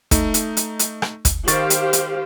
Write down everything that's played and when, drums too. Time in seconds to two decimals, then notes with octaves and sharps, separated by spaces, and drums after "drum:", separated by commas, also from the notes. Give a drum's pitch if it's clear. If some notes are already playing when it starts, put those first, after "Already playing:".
0.11 A3 D#4, drum: kick, hi-hat
0.34 drum: hi-hat
0.57 drum: hi-hat
0.79 drum: hi-hat
1.02 drum: rim click
1.25 drum: kick, hi-hat
1.48 D#3 G4 C5 F5 C#6 A6, drum: hi-hat
1.70 drum: hi-hat
1.93 drum: hi-hat